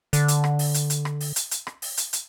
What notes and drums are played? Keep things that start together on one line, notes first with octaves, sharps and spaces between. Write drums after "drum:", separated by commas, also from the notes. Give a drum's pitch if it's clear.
D3, drum: hi-hat
drum: hi-hat
drum: rim click
drum: open hi-hat
drum: hi-hat
drum: hi-hat
drum: rim click
drum: open hi-hat
drum: hi-hat
drum: hi-hat
drum: rim click
drum: open hi-hat
drum: hi-hat
drum: hi-hat